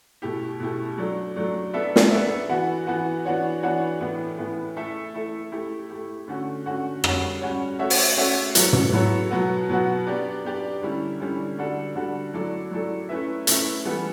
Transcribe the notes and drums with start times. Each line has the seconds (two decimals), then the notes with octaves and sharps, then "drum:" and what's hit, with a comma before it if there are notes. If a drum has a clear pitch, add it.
0.22 B2 A3 E4 G4
0.60 B2 A3 E4 G4
0.98 F#3 A3 D4
1.36 F#3 A3 D4
1.73 B3 D4 A4 E5
1.96 drum: snare
2.11 B3 D4 A4 E5
2.49 E3 B3 F#4
2.87 E3 B3 F#4
3.25 E3 B3 D4 F#4 C#5
3.63 E3 B3 D4 F#4 C#5
4.01 A2 E3 B3
4.38 A2 E3 B3
4.76 A3 E4 A4 E5
5.14 A3 E4 A4 E5
5.52 A3 E4 G4
5.90 A3 E4 G4
6.28 D3 A3 C#4 F#4
6.66 D3 A3 C#4 F#4
7.04 G3 C#4 F#4 C#5, drum: rim click
7.41 G3 C#4 F#4 C#5
7.79 A3 C#4 F#4 C#5 E5
7.90 drum: open hi-hat
8.17 A3 C#4 F#4 C#5 E5
8.55 F#3 B3 E4 A4 C#5, drum: hi-hat
8.73 drum: tom
8.92 F#3 B3 E4 A4 C#5
9.31 B2 F#3 B3 F#4
9.69 B2 F#3 B3 F#4
10.07 B3 D4 G4 D5
10.44 B3 D4 G4 D5
10.82 D3 G3 C#4 E4
11.20 D3 G3 C#4 E4
11.58 D3 G3 D4 F#4 A4
11.95 D3 G3 D4 F#4 A4
12.34 F#3 A3 E4 A4 D5
12.71 F#3 A3 E4 A4 D5
13.09 A3 C#4 E4 B4 E5
13.47 A3 C#4 E4 B4 E5, drum: hi-hat
13.85 E3 G3 B3 E4 A4